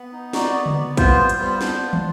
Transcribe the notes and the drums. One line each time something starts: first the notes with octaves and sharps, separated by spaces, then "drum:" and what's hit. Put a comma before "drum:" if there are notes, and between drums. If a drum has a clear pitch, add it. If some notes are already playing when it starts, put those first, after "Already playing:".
Already playing: B3
D#4
F#4 D5, drum: snare
B3
drum: tom C#3
B3
F4 C5, drum: kick, hi-hat
G3
drum: hi-hat
B3
D4, drum: snare
F4
drum: tom